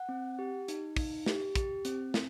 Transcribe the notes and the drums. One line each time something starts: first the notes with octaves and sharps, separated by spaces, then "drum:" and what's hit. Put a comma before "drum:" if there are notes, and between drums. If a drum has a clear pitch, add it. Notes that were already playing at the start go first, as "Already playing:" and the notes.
Already playing: F#5
C4
G4
D#4, drum: hi-hat
D#4, drum: kick, open hi-hat
G4, drum: snare
G4, drum: kick, hi-hat
C4, drum: hi-hat
C4, drum: snare